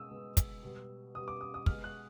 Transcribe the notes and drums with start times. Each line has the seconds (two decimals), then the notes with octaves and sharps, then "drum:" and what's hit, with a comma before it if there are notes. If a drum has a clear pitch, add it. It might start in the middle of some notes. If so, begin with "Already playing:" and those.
Already playing: B2 G#3 D#6 E6
0.11 B2 G#3
0.37 drum: kick, hi-hat
0.63 B2 G3
1.15 B2 G3 D#6
1.28 D6
1.41 D#6
1.54 D#6
1.66 B2 G#3 F6, drum: kick
1.84 F#6